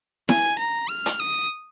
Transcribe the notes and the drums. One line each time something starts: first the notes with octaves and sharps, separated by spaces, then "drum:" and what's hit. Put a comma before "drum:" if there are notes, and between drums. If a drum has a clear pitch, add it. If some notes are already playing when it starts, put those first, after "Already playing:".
G#5, drum: snare E4
A#5
F6
drum: hi-hat
D#6